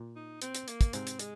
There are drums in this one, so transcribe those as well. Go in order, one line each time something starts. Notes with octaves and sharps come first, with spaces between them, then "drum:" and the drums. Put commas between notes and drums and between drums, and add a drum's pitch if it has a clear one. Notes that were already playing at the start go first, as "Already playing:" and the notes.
Already playing: A#2
D#4
C4, drum: hi-hat
drum: hi-hat
A#3, drum: hi-hat
drum: kick, hi-hat
G#2 C3 C4, drum: hi-hat
drum: hi-hat
G#3, drum: hi-hat